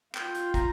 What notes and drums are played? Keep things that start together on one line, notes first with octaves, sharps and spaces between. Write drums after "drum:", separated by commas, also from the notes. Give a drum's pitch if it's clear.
F4 G5, drum: clap
drum: hi-hat
A#5, drum: kick, hi-hat